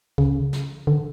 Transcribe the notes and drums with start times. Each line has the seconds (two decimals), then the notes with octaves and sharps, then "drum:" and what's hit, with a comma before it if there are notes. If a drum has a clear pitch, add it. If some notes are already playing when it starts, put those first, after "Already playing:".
0.18 C#3, drum: kick C#2
0.53 drum: snare
0.87 D3